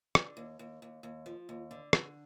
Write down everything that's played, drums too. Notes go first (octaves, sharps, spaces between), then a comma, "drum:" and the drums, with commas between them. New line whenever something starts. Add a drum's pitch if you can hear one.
D3, drum: rim click
D#2
D#2
D#2
D#2
F3
D#2
D3
D3, drum: rim click